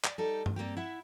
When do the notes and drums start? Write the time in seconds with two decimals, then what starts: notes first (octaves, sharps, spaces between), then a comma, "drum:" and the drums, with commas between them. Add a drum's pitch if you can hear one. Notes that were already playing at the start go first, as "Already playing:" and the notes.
0.04 D5, drum: clap
0.18 G3 D#4 A4
0.46 drum: tom G2
0.56 G3 A#3 C4 G4
0.77 E4 E5 F#5